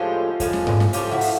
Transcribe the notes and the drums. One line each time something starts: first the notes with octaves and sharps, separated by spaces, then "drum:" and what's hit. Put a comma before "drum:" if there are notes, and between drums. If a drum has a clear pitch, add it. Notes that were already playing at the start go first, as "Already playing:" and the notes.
Already playing: A2 F3 G#3 C#4 F4 G4
A2 F3 G#3 C#4, drum: kick F2, hi-hat
drum: snare
drum: tom G#2
drum: snare
A2 F3 G#3 C#4 F4 G4, drum: hi-hat
E4 F#4
drum: open hi-hat